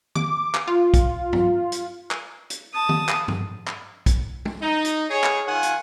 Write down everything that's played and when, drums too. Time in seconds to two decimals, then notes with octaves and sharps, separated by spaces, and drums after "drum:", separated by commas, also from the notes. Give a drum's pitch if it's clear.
0.15 D6, drum: tom D#3
0.55 drum: clap
0.68 F4
0.94 drum: kick B1, hi-hat
1.33 drum: tom G2
1.72 drum: hi-hat
2.11 drum: clap
2.50 drum: hi-hat
2.73 A5 D#6
2.89 drum: tom D#3
3.09 drum: clap
3.28 drum: tom G2
3.67 drum: clap
4.06 drum: kick B1, hi-hat
4.45 drum: tom
4.61 D#4
4.85 drum: hi-hat
5.10 G#4 C#5
5.24 drum: clap
5.47 D#3 F4 F#5 G#5
5.63 drum: hi-hat